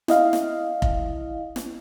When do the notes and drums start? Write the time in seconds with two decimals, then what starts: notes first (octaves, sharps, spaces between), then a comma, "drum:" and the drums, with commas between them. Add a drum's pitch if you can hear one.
0.08 E4 D#5 F5, drum: snare
0.33 drum: snare
0.82 drum: kick F1
1.56 drum: snare